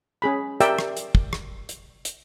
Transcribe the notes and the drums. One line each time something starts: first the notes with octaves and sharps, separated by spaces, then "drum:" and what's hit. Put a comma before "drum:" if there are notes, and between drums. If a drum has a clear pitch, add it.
C#4 G#4 B5
G4 A#4 D5 E5 G5 E6, drum: hi-hat
drum: rim click
drum: hi-hat
drum: kick
drum: rim click
drum: hi-hat
drum: hi-hat